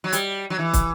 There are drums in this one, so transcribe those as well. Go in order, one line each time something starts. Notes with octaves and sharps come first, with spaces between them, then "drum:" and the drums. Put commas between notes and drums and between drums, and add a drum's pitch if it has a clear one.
F#3
G3, drum: hi-hat
F#3
E3
drum: kick, hi-hat